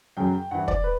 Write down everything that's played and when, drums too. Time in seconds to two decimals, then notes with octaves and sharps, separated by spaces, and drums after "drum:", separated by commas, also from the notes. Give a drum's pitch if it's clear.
0.17 F#2 C#3 F#3 G5
0.51 G2 E3 F#5
0.68 D5, drum: kick
0.84 B4